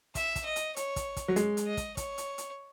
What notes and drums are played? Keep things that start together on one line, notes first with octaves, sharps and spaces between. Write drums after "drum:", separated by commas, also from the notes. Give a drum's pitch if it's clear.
E5, drum: kick, hi-hat
drum: kick, hi-hat
D#5
drum: hi-hat
C#5, drum: hi-hat
drum: kick, hi-hat
drum: kick, hi-hat
F#3
G#3, drum: hi-hat
drum: hi-hat
D#5
drum: kick, hi-hat
C#5, drum: kick, hi-hat
drum: hi-hat
drum: hi-hat